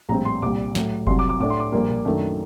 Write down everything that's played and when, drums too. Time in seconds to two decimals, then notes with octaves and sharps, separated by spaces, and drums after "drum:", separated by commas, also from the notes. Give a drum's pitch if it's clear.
0.09 A#1 A2 G3 C4 A#5
0.25 C6
0.42 C2 A#2 G3 D6
0.75 A2 F#3 A3, drum: snare
1.07 C2 C3 F#3 C6, drum: kick F#1
1.19 D6
1.29 D6
1.40 A2 A3 D4 D6
1.50 C6
1.60 D6
1.72 A#1 A#2 G3 A#3
1.90 drum: tom A#2
2.05 F#2 D#3 A3 D4